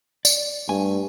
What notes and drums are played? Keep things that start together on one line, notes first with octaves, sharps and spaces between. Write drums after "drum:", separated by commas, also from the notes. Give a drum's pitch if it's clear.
D5, drum: tambourine
G2 A3 G#5